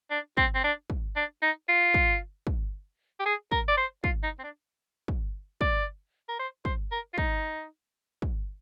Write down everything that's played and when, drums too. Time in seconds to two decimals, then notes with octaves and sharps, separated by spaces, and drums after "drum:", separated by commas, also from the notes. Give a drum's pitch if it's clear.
0.11 D4
0.37 C4, drum: kick
0.55 C4
0.64 D4
0.90 drum: kick
1.16 D4
1.42 D#4
1.69 F4
1.94 drum: kick
2.47 drum: kick
3.19 G4
3.26 G#4
3.51 A#4, drum: kick
3.68 D5
3.77 C5
4.04 F4, drum: kick
4.23 D#4
4.39 C4
4.43 D4
5.08 drum: kick
5.61 D5, drum: kick
6.29 A#4
6.39 C5
6.65 C5, drum: kick
6.91 A#4
7.13 F4
7.18 D#4, drum: kick
8.22 drum: kick